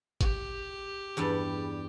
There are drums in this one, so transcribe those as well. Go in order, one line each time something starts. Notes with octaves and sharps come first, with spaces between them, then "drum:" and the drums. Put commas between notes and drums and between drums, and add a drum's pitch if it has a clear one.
G4, drum: kick G#1, hi-hat
E2 G2 G3